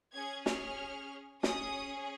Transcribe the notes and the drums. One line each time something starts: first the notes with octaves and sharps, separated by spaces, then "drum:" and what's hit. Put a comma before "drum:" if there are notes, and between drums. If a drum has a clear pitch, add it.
C#4 G#4 G#6
F6, drum: snare
C#4 G#4 D#6, drum: snare